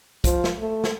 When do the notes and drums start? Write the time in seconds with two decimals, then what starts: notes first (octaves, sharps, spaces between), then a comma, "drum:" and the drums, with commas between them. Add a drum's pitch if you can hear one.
0.24 F3, drum: kick, hi-hat
0.44 drum: snare
0.59 A3
0.84 drum: snare